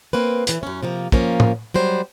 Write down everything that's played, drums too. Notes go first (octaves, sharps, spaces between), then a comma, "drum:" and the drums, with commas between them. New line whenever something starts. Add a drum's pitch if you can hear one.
A#3 C4 B4
E3 E4, drum: hi-hat
F#2 C#4
C3 F3 A#3
A#2 F3 A#3 C#4, drum: kick
drum: tom
F#3 G3 C5